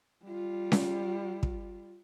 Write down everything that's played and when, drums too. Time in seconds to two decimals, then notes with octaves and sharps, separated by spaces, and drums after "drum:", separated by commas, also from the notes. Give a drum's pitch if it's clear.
0.24 G3 F4
0.72 drum: snare C#4
1.43 drum: kick